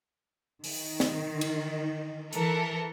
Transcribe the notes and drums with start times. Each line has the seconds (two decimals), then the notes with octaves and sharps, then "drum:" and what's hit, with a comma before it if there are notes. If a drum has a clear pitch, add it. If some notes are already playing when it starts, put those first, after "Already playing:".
0.64 D#3, drum: open hi-hat
1.00 drum: snare
1.41 drum: cymbal
2.33 E3 A4 A#4, drum: hi-hat